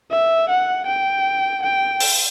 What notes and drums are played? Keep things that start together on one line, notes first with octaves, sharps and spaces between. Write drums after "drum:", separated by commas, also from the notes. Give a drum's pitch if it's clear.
E5
F#5
G5
G5
drum: open hi-hat